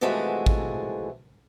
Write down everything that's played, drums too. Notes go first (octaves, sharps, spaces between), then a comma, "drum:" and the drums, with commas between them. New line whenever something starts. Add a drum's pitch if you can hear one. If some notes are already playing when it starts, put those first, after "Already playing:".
C3 E3 F3 G#3 A3 F#4
drum: kick